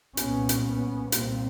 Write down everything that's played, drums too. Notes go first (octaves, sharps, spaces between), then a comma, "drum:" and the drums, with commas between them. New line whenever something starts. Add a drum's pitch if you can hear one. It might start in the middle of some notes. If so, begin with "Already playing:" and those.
C2 A#2 B3 C#4, drum: hi-hat
drum: hi-hat
B3 C#4
C2 A#2 A#3 C4, drum: hi-hat